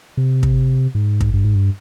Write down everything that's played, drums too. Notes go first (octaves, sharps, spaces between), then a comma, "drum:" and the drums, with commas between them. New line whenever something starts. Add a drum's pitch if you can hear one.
C3
drum: kick
G#2
drum: kick
G2
G#2
G2